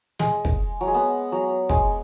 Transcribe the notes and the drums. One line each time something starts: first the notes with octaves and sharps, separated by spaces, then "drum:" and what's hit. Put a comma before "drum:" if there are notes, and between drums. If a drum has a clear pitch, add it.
G#3, drum: snare
drum: kick
F#3
G#3
B3
F#3
G#3, drum: kick